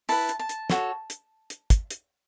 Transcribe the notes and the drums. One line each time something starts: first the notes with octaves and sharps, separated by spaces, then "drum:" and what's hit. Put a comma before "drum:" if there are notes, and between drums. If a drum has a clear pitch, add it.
E4 B4 A5, drum: open hi-hat
drum: hi-hat
A5
drum: hi-hat
F#4 A4 C#5, drum: snare
drum: hi-hat
drum: hi-hat
drum: kick, hi-hat
drum: hi-hat